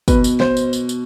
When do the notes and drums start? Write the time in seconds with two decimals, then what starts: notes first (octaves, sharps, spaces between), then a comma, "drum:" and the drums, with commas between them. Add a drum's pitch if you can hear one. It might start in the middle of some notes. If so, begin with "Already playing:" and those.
0.08 B2 B4, drum: kick, tambourine
0.24 drum: tambourine
0.40 C5, drum: snare
0.57 drum: tambourine
0.73 drum: tambourine
0.89 drum: tambourine